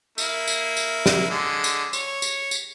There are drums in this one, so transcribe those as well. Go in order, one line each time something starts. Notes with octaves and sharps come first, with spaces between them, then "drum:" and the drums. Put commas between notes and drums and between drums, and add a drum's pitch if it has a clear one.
A#3 E4, drum: tambourine
drum: tambourine
drum: tambourine
drum: snare
D3 G#3
drum: tambourine
C#5, drum: tambourine
drum: tambourine
drum: tambourine